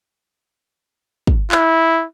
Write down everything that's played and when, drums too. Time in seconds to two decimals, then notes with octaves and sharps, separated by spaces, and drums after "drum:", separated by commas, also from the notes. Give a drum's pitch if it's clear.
1.27 drum: kick
1.52 E4, drum: clap